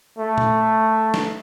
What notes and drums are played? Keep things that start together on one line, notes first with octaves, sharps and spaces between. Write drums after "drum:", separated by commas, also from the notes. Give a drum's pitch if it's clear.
A3
drum: tom
drum: snare